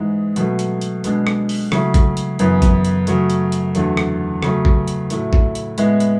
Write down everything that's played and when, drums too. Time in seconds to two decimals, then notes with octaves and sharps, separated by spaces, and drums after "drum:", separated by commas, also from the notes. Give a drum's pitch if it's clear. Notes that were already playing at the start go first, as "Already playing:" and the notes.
Already playing: G#2 E3 G#3
0.36 B2 F#3 A3, drum: hi-hat
0.59 drum: hi-hat
0.81 drum: hi-hat
1.04 B2 G#3 D4, drum: hi-hat
1.27 drum: rim click
1.49 drum: open hi-hat
1.72 C#3 F#3 A3 E4, drum: rim click
1.94 drum: kick, hi-hat
2.17 drum: hi-hat
2.39 F#2 C#3 E3 B3, drum: hi-hat
2.62 drum: kick, hi-hat
2.85 drum: hi-hat
3.07 C#3 F#3 A3, drum: hi-hat
3.30 drum: hi-hat
3.52 drum: hi-hat
3.75 E2 D3 F#3 A3, drum: hi-hat
3.97 drum: rim click
4.43 C#3 F#3 A3, drum: rim click
4.65 drum: kick
4.88 drum: hi-hat
5.10 A2 F#3 A3 E4, drum: hi-hat
5.33 drum: kick
5.55 drum: hi-hat
5.78 A2 G#3 B3 E4, drum: hi-hat
6.00 drum: hi-hat